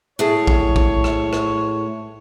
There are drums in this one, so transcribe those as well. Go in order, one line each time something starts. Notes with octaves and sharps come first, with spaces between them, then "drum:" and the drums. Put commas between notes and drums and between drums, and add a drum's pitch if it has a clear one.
A2 G#4 C#5 A5
drum: kick A#1
drum: kick A#1
drum: rim click
drum: rim click